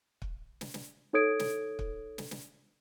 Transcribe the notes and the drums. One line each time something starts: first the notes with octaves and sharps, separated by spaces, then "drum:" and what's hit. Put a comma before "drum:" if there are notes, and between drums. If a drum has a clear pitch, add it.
drum: kick
drum: snare
drum: snare
D#4 A4 C#5 D#6 G#6 D7
drum: snare
drum: kick
drum: snare
drum: snare